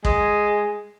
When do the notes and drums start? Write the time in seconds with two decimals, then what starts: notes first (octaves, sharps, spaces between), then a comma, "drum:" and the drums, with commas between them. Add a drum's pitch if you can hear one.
0.05 G#3, drum: kick